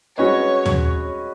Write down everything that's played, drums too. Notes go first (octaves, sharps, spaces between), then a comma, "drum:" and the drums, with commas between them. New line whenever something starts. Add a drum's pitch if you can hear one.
G#3 C#4 F#4 B4 C#5 D#5
drum: tom